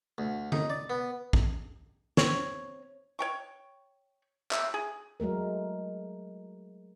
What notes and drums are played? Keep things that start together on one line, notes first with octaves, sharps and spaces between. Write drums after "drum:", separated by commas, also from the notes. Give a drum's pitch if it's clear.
D2
D#4, drum: tom D3
D5
B3
drum: kick A#1
C4 C#5, drum: snare
C#5 G5 C#6
E5, drum: clap
G#4
F#3 G#3 A3 A#4